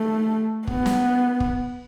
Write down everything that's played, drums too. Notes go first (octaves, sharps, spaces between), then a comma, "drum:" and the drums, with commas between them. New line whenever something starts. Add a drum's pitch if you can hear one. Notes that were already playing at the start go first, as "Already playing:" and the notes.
Already playing: A3
B3, drum: kick
drum: snare
drum: kick